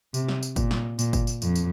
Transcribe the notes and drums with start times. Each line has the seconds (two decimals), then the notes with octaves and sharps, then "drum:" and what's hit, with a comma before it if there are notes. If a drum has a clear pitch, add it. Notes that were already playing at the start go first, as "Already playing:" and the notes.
0.14 C3, drum: tambourine
0.29 drum: snare
0.43 drum: tambourine
0.56 A#2, drum: kick G1, tambourine
0.71 drum: snare
0.99 A#2, drum: tambourine
1.13 drum: kick G1, tambourine
1.27 drum: tambourine
1.42 F2, drum: tambourine
1.55 drum: tambourine